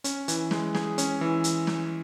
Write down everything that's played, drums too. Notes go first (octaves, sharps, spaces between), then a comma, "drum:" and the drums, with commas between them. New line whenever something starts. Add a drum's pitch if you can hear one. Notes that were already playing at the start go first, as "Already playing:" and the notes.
C#4, drum: hi-hat
E3, drum: hi-hat
G#3, drum: snare
G#4, drum: snare
C#4, drum: hi-hat
E3
drum: hi-hat
drum: snare